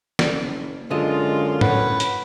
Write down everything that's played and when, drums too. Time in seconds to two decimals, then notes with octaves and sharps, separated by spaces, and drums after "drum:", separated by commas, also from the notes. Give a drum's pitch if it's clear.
0.19 F#1, drum: snare
0.91 F#2 D3 G#3 F4 D#5
1.61 A2 C#4 B4 F#5, drum: tom A2
2.00 drum: hi-hat